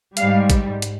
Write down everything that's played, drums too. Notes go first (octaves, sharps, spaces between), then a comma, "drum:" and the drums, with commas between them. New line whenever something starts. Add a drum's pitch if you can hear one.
G#2 G3 F5, drum: hi-hat
drum: kick, hi-hat
drum: hi-hat